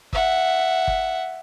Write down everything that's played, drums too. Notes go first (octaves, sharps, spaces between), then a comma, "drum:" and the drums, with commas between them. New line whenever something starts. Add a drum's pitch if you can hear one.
E5 F#5, drum: kick G1
drum: kick G1